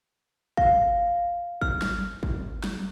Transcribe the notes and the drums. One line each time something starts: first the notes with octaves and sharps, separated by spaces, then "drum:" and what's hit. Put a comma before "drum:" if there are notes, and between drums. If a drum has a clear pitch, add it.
F5, drum: kick
F6, drum: kick
drum: snare
drum: kick
drum: snare